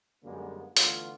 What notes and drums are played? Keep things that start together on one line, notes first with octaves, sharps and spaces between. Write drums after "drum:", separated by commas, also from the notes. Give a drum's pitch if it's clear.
F#2 D3 G3 G#3 A#3 B3
D3 E3 A3 B3 F4, drum: hi-hat